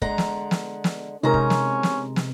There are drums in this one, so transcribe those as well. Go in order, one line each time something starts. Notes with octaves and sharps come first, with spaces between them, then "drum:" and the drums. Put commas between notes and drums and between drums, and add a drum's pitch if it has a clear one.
D3 G#3 A#5, drum: kick
drum: snare
drum: snare
drum: snare
C3 G#3 C#4 D#4 A#4 A#5
drum: kick
drum: snare
drum: snare
drum: snare